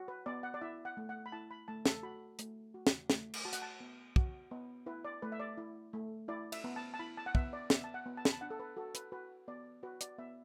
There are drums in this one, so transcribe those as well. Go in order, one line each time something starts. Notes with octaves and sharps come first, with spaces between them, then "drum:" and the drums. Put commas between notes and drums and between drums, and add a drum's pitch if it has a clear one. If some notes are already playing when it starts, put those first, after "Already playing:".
Already playing: F#4
B4
B3 D5
F#5
D5
E4 E5
F#5
A3
F#5
B5
E4 A5
B5
A3 A5
A4, drum: snare
F#4 B5
A3, drum: hi-hat
F#4
drum: snare
A3, drum: snare
drum: cymbal
F#4 A5
F#5, drum: hi-hat
A5
B3
F#4, drum: kick
B3
E4 B4
D5
A3 B4
E5
D5
E4
A3
E4 D5
E5, drum: cymbal
B3
A5
A5
E4 B5
A5
F#5
B3 E5, drum: kick
D5
B3 E5, drum: snare
A5
F#5
B3
A5
B5, drum: snare
A5
D4 F#5
A4
B4
F#4 A4
B4, drum: hi-hat
F#4 B4
B3 D5
F#4 B4
D5, drum: hi-hat
B3 E5